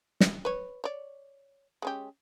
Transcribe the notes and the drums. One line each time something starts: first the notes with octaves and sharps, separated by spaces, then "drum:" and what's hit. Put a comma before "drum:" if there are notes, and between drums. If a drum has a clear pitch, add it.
drum: snare
B4 C#5
C#5 D5
G#3 C#4 G4